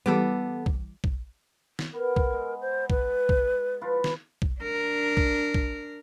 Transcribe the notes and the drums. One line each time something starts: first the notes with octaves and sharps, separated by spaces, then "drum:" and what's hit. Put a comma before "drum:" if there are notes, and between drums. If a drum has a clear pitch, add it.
E3 G3 B3 A4 D6
drum: kick
drum: kick
drum: snare
B3 A#4
drum: kick
G#3
C5
B4, drum: kick
drum: kick
F3 F4 B4
drum: snare
drum: kick
D4 A#4
drum: kick
drum: kick